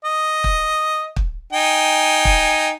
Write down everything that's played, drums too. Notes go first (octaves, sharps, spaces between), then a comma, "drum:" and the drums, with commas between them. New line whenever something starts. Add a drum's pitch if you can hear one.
D#5
drum: kick
drum: kick
D#4 G5 G#5
drum: kick